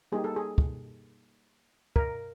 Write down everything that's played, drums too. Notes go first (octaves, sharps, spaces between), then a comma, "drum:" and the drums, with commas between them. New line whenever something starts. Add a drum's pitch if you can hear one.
G3 A#3 D#4 G4 G#4
A4
G#4
drum: kick
A#4, drum: kick